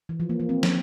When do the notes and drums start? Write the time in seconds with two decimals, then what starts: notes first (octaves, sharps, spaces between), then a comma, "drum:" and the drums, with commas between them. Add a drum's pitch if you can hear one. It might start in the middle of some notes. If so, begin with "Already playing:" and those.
0.09 E3
0.20 F3
0.29 A#3
0.40 A#3
0.49 C4
0.63 drum: snare